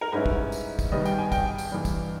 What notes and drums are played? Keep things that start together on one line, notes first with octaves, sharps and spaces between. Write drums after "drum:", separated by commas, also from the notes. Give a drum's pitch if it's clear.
A#4
G#2 G3 C#4 E4 B4
drum: kick
drum: tambourine
drum: kick, tambourine
G2 D#3 G3 B3 D#5
G5, drum: tambourine
G#5
G5, drum: kick, tambourine
drum: tambourine
G2 E3 A#3
drum: kick, tambourine